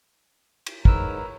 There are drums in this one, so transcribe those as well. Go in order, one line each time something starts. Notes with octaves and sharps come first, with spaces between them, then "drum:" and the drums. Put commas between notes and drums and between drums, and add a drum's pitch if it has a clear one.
drum: cymbal
G#2 A#4 B4 C#5 A#5 E6, drum: kick